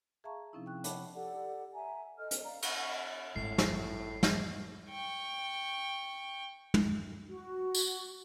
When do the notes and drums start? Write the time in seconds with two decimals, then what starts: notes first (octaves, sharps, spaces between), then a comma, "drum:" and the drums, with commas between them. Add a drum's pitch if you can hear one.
0.24 G#4 E5 F5 A5 A#5 C#6
0.53 C3 F3 C4 C#4 D#4 E4
0.66 G5 C#6 F#6
0.84 C#5 E5 F#5 A5 B5 D6, drum: hi-hat
1.14 G4 A4 D5 F#5
1.74 E5 G#5 A#5
2.18 A4 C5 D#5 F6
2.31 drum: hi-hat
2.43 D5 F5 A#5
2.62 D#5 F#5 B5 C#6, drum: cymbal
3.36 G#1 A2 C7
3.58 drum: snare
4.23 drum: snare
4.90 G5 C#6
6.74 drum: tom
7.28 F#4
7.75 drum: tambourine